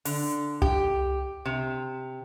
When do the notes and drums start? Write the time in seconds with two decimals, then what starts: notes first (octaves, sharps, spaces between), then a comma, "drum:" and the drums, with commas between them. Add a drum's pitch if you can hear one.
0.05 D3, drum: open hi-hat
0.62 G4, drum: tom C2
1.46 C3